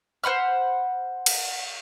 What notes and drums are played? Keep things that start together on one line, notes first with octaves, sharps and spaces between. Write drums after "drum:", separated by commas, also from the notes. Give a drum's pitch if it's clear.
C5 F#5 B5 F6
drum: cymbal